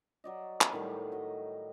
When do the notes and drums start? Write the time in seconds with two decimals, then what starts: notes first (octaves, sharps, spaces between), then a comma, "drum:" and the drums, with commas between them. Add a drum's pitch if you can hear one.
0.24 F#3 D5 D#5
0.61 drum: clap
0.72 A2 D#3 F#3 G3
1.12 F#4 D#5